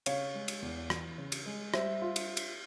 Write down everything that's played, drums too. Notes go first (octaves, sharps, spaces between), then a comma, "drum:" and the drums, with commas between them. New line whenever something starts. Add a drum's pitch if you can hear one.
C#3 C#5 F5, drum: cymbal
G#3
drum: cymbal
E2
E3, drum: rim click
C#3
drum: cymbal
G#3
G3 C5 E5, drum: rim click
F4
drum: cymbal
drum: cymbal